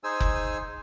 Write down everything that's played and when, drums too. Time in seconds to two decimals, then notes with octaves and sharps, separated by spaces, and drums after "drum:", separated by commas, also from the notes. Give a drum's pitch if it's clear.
0.04 D#4 G#4 C5 G#5 E6
0.20 drum: kick F#1